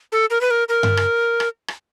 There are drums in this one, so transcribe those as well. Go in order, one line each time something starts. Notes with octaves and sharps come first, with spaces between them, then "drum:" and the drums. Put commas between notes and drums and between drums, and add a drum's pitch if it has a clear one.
A4
A#4
B4
A#4
A#4
drum: tom G2
drum: rim click
drum: rim click
drum: rim click